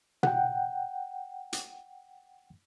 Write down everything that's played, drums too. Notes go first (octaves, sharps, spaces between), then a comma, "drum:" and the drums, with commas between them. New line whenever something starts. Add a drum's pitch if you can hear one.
F#5 G5, drum: tom B2
drum: hi-hat